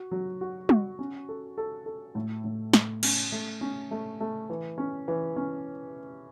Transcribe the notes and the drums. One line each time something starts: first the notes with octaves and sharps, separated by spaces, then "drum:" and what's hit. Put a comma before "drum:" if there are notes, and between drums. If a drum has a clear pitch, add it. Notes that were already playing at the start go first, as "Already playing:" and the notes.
Already playing: F#4
F#3
F#4
F#4, drum: tom
C#4
A4
A4
A4
A2
A2
A2, drum: snare
C#4, drum: cymbal
A3
C#4
A3
A3
E3
C#4
E3
C#4